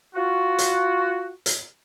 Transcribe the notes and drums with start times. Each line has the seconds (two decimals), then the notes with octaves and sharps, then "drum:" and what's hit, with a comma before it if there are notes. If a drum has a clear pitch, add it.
0.15 F4 F#4
0.58 drum: hi-hat
1.46 drum: hi-hat